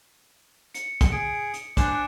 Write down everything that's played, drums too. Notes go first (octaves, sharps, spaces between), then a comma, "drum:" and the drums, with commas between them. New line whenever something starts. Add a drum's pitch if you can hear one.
C#7, drum: hi-hat
drum: kick, hi-hat
G#4 D7
drum: hi-hat
D4 C5 G#5 F#6 E7, drum: kick, hi-hat